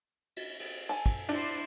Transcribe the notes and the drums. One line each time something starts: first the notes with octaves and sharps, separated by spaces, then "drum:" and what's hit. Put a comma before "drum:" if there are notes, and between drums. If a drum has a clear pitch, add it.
drum: cymbal
drum: cymbal
A4 G#5
drum: kick, cymbal
D4 E4 C5, drum: cymbal